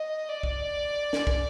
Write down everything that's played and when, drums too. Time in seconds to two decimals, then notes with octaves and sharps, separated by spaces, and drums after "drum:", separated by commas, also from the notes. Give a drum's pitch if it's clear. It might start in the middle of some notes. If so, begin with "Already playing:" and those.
Already playing: D#5
0.29 D5
0.43 drum: kick
1.13 drum: snare
1.27 drum: kick